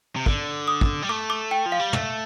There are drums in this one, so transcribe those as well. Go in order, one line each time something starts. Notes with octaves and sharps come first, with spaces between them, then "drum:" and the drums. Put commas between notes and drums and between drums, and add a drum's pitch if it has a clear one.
C3
D3, drum: kick
D#6
drum: kick
G3
A3 D6
D6
G5
F3
F5
G3
A3, drum: tom